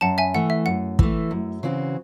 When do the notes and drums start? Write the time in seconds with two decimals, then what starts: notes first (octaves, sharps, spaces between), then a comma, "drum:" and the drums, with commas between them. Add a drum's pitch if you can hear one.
0.01 F#2 F#5 A5
0.18 E5 G#5
0.34 E3 A3 F#5
0.50 E5
0.66 F#2 F#5
0.99 E3 A3, drum: kick
1.31 F#2
1.63 C#3 E3 C4 F#4